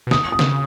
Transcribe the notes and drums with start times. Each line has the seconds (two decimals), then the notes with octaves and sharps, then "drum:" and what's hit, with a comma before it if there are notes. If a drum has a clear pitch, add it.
0.07 B2
0.11 C3 D#6, drum: snare
0.32 D#6
0.39 C#3, drum: snare